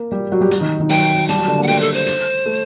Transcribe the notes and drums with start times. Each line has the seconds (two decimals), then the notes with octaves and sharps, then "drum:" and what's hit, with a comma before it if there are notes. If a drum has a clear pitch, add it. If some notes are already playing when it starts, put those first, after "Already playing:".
Already playing: A#3 A#4
0.12 G3 G4
0.32 F#3 F#4
0.41 G3 G4
0.51 F#3 F#4, drum: hi-hat
0.60 D#3 D#4
0.80 D#3 D#4
0.90 F#3 F#4 G5, drum: open hi-hat
1.29 G3 G4 A5, drum: hi-hat
1.38 F#3 F#4
1.48 D3 D4
1.58 A#3
1.63 F#5
1.67 A3 G5, drum: open hi-hat
1.81 A4
1.94 C5
2.06 drum: hi-hat
2.46 A3